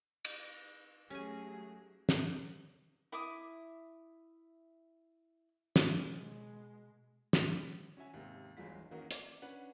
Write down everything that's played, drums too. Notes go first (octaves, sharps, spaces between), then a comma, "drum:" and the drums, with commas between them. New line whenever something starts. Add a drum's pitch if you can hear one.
drum: cymbal
F#3 A3 C#4 G4 G#4 G#5
drum: snare
E4 E5 D6 D#6
drum: snare
B2 G#3
drum: snare
C#4 F#4 E5 G#5
D#2 G#2 C3
G1 E2 F#3 G#3 F4 B6
D#3 E3 A#3 C#4 F#4 A#4
D5 D6, drum: hi-hat
C#4 D4 B4 F#5